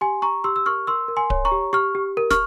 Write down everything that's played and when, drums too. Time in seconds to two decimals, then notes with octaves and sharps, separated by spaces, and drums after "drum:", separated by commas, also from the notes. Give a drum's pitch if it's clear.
0.01 G4 G#5 C6
0.22 G4 A#5 C#6
0.44 G4 C6 E6
0.56 E6
0.66 A#4 C#6 F6
0.87 A#4 C6 E6
1.08 A#4
1.17 G#5 C6
1.30 C#5, drum: kick D1
1.45 A#5 C#6
1.51 G4
1.73 G4 C#6 F6
1.95 G4
2.17 A#4
2.31 C#6 F6, drum: snare